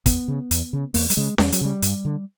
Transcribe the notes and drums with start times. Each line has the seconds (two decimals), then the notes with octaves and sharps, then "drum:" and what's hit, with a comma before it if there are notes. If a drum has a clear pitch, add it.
0.06 E2 B3, drum: kick, hi-hat
0.28 C#3
0.51 E2, drum: hi-hat
0.73 C#3
0.94 E2 A#3, drum: open hi-hat
1.10 G3, drum: hi-hat
1.17 C#3 G#3
1.38 E2 G3, drum: snare C#4
1.52 F#3, drum: hi-hat
1.61 C#3 G3
1.82 G2, drum: hi-hat
2.05 D3